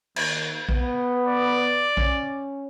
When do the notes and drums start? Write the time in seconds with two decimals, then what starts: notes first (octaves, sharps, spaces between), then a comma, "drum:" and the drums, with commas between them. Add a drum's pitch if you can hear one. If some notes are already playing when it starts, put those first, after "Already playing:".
0.16 D#2, drum: cymbal
0.69 B3, drum: kick
1.27 D5
1.97 C#4, drum: kick